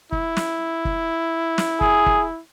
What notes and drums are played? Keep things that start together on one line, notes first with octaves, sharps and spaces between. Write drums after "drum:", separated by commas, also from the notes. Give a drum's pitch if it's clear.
E4, drum: kick
drum: snare
drum: kick
drum: snare
G#4, drum: kick
drum: kick